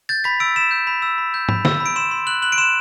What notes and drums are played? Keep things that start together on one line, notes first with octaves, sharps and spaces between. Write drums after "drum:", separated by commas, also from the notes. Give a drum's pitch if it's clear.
G6 A6
B5 B6
E6 D7
B5 E7
G6
B5
E6
B5
G6
B5, drum: tom G#2
E6, drum: snare
B5
D7
C6 E7
C6
F#6 F#7
F#6 F#7
D7
C6 E7